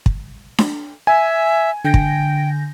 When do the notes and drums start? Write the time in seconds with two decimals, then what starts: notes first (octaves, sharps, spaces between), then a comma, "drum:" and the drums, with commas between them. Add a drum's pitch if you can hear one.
0.06 drum: kick
0.58 drum: snare D4
1.07 E5 G#5
1.85 D3 G5 G6 A#6
1.94 drum: kick